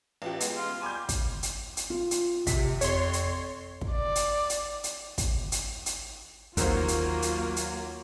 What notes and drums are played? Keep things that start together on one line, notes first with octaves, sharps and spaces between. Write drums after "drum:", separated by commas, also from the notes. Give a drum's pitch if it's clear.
A1 F4 G4
G#3 B3, drum: hi-hat
F4
G3 G#5 D6 G6
drum: kick, hi-hat
drum: hi-hat
drum: hi-hat
F4
drum: hi-hat
C3 B6, drum: kick, hi-hat
F2 C#5 C6, drum: hi-hat
drum: hi-hat
drum: kick
D5
drum: hi-hat
drum: hi-hat
drum: hi-hat
drum: kick, hi-hat
drum: hi-hat
drum: hi-hat
D#2 F#3 A#3 F4 A#4 C5, drum: kick, hi-hat
drum: hi-hat
drum: hi-hat
drum: hi-hat